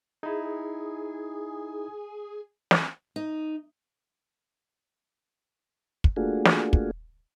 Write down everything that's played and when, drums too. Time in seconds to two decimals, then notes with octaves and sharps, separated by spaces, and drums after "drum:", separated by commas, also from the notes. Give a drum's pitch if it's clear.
0.23 D#4 E4 G#4
2.71 drum: snare
3.16 D#4
6.04 drum: kick
6.16 A3 A#3 D4 F4 F#4 G#4
6.45 drum: snare
6.73 drum: kick